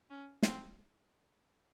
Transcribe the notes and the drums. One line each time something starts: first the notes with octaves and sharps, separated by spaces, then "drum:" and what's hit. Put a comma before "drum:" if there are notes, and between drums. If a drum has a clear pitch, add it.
C#4
C4, drum: snare